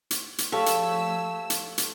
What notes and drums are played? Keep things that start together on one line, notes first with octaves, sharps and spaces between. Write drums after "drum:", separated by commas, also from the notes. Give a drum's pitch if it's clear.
drum: hi-hat
drum: hi-hat
F3 A3 G4 A4 C#5 F5 E6
drum: hi-hat
drum: hi-hat
drum: hi-hat